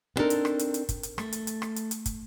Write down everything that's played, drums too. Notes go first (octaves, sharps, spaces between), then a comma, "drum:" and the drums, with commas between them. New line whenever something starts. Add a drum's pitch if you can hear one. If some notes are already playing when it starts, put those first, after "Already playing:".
B3 C4 D4 D#4 A4 A#4
drum: hi-hat
drum: rim click
drum: hi-hat
drum: hi-hat
drum: kick, hi-hat
drum: hi-hat
A3, drum: rim click
drum: hi-hat
drum: hi-hat
drum: rim click
drum: hi-hat
drum: hi-hat
drum: kick, hi-hat